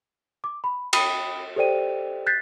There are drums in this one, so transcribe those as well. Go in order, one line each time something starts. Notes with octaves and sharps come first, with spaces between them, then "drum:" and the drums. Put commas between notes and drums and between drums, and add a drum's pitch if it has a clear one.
D6
B5
G5 B5 D#6 D#7, drum: cymbal
G4 A4 C5 D5 G5 D#7
F#6 G6 A6 B6 C7